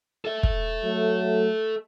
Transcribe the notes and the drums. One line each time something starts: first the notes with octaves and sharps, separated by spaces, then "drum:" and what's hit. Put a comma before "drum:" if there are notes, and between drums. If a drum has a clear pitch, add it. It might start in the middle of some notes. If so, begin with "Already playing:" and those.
A4 E5
drum: kick
F#3 A3